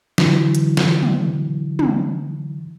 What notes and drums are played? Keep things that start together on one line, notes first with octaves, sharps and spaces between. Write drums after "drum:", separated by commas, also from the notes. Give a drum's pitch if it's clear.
D3 E3 F#3, drum: snare
drum: hi-hat
drum: snare
drum: tom
drum: tom